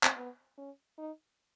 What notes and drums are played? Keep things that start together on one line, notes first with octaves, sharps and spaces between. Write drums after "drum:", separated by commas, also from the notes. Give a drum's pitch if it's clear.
drum: clap
B3
C#4
D#4